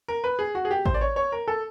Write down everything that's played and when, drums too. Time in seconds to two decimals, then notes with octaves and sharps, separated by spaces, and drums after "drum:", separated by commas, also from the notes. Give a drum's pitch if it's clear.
0.08 A#4
0.24 B4
0.39 G#4
0.55 F#4
0.65 G#4
0.71 G4
0.86 C5, drum: kick A1
0.94 D5
1.01 C#5
1.16 C#5
1.32 A#4
1.48 A4